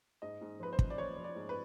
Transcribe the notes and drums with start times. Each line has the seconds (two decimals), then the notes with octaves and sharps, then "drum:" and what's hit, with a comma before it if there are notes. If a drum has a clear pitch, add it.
0.22 G#2 D#5
0.41 G#2
0.60 F3 B4
0.73 C5
0.79 F3, drum: kick
0.90 D5
0.98 F3 C#5
1.17 F3
1.24 D5
1.36 G#2
1.49 B4